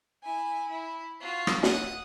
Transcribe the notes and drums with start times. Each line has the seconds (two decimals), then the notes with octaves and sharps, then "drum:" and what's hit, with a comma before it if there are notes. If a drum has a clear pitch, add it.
0.23 E4 G#5
0.68 E4
1.21 F4 F#4
1.47 drum: rim click
1.63 F#5 D#6, drum: snare